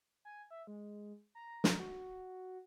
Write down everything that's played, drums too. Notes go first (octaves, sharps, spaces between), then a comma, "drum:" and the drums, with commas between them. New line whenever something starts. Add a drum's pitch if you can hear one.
G#5
E5
G#3
A#5
drum: snare
F#4